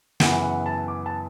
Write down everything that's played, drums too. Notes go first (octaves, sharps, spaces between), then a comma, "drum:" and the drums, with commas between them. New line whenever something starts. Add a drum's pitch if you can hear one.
F#2 C#3 E3 B3 F#5, drum: snare
F#5
A5
D6
A5